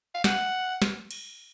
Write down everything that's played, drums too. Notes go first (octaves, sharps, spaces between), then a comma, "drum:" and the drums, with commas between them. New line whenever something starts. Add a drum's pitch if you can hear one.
F5
F#5, drum: snare
drum: snare
drum: cymbal